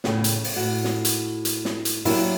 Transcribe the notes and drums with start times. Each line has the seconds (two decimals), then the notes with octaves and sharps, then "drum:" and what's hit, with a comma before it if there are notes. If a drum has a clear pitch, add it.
0.04 E2 A2 C#3 G5, drum: snare
0.24 drum: hi-hat
0.44 drum: open hi-hat
0.56 A2 F#4
0.84 drum: snare
1.05 drum: hi-hat
1.45 drum: hi-hat
1.65 drum: snare
1.85 drum: hi-hat
2.05 F#3 A#3 D4 E4 G4, drum: open hi-hat